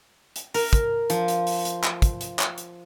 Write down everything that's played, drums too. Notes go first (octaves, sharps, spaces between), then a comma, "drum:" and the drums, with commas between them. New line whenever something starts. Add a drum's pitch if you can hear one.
drum: hi-hat
A#4, drum: open hi-hat
drum: kick, hi-hat
F3, drum: hi-hat
drum: hi-hat
drum: open hi-hat
drum: hi-hat
drum: clap
drum: kick, hi-hat
drum: hi-hat
drum: clap
drum: hi-hat